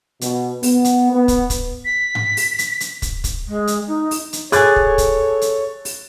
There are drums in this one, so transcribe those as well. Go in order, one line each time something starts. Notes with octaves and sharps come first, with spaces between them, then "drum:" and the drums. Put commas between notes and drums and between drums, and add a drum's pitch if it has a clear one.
B2, drum: hi-hat
B3, drum: open hi-hat
drum: hi-hat
B3
drum: kick, hi-hat
drum: kick, hi-hat
B6
drum: tom G#2
drum: open hi-hat
drum: hi-hat
drum: hi-hat
drum: kick, hi-hat
drum: kick, hi-hat
G#3
drum: hi-hat
D#4
drum: open hi-hat
drum: hi-hat
G#4 A4 C#5 G#5 D6 F#6 A6, drum: hi-hat
drum: kick
drum: kick, hi-hat
drum: hi-hat
drum: open hi-hat